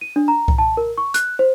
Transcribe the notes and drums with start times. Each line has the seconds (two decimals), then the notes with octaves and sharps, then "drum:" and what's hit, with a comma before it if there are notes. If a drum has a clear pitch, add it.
0.01 D#7
0.16 D4
0.28 A#5
0.48 drum: kick C2
0.58 A5
0.77 A#4
0.98 C#6
1.14 F#6, drum: hi-hat
1.39 C5